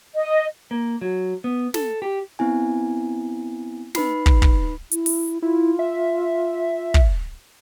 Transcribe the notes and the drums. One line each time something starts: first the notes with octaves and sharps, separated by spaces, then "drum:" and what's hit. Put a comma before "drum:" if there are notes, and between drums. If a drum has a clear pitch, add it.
D#5
A#3
F#3
B3
A4, drum: snare
G4
B3 C4 E4 G#5
D#4 B4 B5 C7, drum: snare
drum: kick
drum: kick
E4, drum: hi-hat
drum: open hi-hat
E4 F4
E5
drum: kick